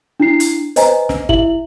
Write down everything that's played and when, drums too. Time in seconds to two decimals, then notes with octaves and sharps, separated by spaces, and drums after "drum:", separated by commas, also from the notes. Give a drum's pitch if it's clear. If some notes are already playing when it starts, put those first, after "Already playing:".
0.20 D4 E4 C7
0.40 drum: hi-hat
0.76 B4 C5 D#5 G#5 A#5, drum: hi-hat
1.09 drum: snare
1.29 E4 E5 F#7, drum: kick G1